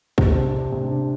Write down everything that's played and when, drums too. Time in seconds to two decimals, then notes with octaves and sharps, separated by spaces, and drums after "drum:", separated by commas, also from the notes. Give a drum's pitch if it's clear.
0.18 C3, drum: kick
0.36 D4
0.55 D4
0.72 C3
0.91 D4